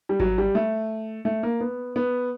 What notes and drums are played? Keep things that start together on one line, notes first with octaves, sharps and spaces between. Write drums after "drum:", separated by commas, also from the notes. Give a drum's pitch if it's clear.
G3
F#3, drum: kick G#1
G3
A3
A3
A#3
B3
B3